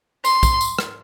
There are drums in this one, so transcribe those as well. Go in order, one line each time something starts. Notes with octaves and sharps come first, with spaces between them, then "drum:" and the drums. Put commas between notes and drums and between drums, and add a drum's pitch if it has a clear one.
C6, drum: tambourine
drum: kick, tambourine
drum: tambourine
drum: rim click